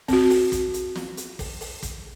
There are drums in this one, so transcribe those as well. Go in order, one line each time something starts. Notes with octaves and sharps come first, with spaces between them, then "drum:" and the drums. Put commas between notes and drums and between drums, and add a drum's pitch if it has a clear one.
C4 F#4, drum: kick, open hi-hat
drum: open hi-hat
drum: kick, hi-hat
drum: hi-hat
drum: snare
drum: hi-hat
drum: kick, open hi-hat
drum: open hi-hat
drum: kick, hi-hat